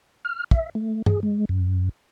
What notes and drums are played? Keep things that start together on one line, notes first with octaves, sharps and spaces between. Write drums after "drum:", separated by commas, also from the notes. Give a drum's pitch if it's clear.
F6
E5, drum: kick
A3
G#4, drum: tom G2
G#3
F#2